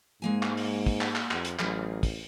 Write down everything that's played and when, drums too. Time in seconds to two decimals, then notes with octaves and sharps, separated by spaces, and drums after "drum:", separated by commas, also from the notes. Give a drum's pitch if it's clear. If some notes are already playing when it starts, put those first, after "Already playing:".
0.22 G#2 G#3 A#3 G#5
0.43 drum: clap
0.57 drum: open hi-hat
0.86 drum: kick, open hi-hat
1.01 drum: clap
1.16 drum: clap
1.31 F2, drum: clap
1.45 drum: hi-hat
1.59 A1 F#3 G#4, drum: clap
2.03 drum: kick, open hi-hat